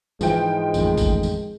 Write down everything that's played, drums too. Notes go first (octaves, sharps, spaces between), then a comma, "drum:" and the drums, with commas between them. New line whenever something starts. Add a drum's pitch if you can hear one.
G#2 E3 F3 G#3 G5, drum: tambourine
A1 F2 D#3, drum: tambourine
drum: kick, tambourine
drum: tambourine